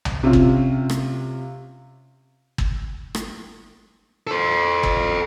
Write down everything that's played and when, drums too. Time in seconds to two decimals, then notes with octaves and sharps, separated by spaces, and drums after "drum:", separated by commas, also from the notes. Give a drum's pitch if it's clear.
0.05 drum: tom B1
0.23 C3 C#4 F4
0.33 drum: kick G1
0.90 drum: rim click
2.58 drum: kick G1
3.15 drum: rim click
4.27 A4 C5
4.83 drum: kick G1